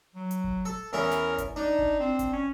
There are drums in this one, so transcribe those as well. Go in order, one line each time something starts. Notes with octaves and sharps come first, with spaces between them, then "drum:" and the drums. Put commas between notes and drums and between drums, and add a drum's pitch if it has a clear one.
F#3
drum: hi-hat
drum: kick G1
A4
E2 C#4 E4 A#4
drum: snare
drum: kick G1, hi-hat
D4 D#4
drum: kick G1
C4
drum: kick G1, hi-hat
C#4